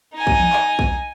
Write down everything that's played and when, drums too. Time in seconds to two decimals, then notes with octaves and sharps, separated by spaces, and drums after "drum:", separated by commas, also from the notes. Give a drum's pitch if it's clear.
0.14 D#4 G#5
0.27 drum: kick A#1
0.40 drum: tom E3
0.53 drum: clap
0.79 drum: kick A#1